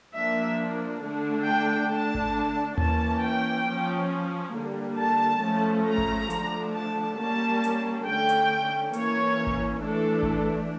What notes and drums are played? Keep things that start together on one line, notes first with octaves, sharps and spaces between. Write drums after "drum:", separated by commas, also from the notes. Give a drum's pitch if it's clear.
F3 A#3 D4 E5
D3 A3 D4
G5
D3 A3 D4 A5
drum: kick G#1
E3 A#3 C#4 A5, drum: tom D#2
G5
F3 C#4
D3 G3 A#3
A5
F3 A3 C#4
A#5
drum: kick G#1
D3 F3 A3 D4, drum: hi-hat
A5
G3 A#3 C#4 A5
drum: hi-hat
D3 A3 C#4 G5
drum: hi-hat
E3 A#3 C#4 C#5, drum: hi-hat
drum: kick G#1
E3 A3 D4 A4
drum: kick G#1